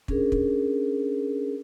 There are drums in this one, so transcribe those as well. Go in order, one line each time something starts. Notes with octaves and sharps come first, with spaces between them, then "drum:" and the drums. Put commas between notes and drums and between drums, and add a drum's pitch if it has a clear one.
C#4 D4 G#4 A#4, drum: kick
drum: kick